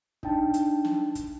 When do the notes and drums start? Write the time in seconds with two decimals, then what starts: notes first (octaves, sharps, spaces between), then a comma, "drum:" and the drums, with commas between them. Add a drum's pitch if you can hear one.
0.23 D4 D#4 G5 A5, drum: kick
0.54 drum: hi-hat
0.84 drum: snare
1.15 drum: kick, hi-hat